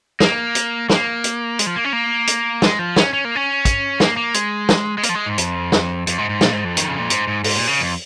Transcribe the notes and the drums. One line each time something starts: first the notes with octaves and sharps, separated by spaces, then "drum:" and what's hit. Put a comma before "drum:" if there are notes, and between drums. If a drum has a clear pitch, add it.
A#3, drum: snare
drum: hi-hat
A#3, drum: snare
drum: hi-hat
G#3, drum: hi-hat
F3
A#3
C#4
A#3
drum: hi-hat
G#3, drum: snare
F3
C#4, drum: snare
C#4
A#3
C#4
drum: kick, hi-hat
A#3, drum: snare
A#3
G#3, drum: hi-hat
drum: snare
G#3
A#3, drum: hi-hat
F3
G#3
G#2
F2, drum: hi-hat
drum: snare
F2, drum: hi-hat
G#2
G#2
A#2, drum: snare
G#2
F2
D#3, drum: hi-hat
C#3
A#2
G#2, drum: hi-hat
G#2
G#2, drum: open hi-hat
A#2
C#3
F2